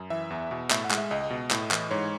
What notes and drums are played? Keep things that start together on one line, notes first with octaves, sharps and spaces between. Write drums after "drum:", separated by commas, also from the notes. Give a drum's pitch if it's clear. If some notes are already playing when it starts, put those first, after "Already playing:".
Already playing: F#2
E3 E5
E2
B2
A2 E5, drum: clap
F#5
G#3, drum: clap
E5
C#2 D#5
B2
A2, drum: clap
E3, drum: clap
G#2 C#5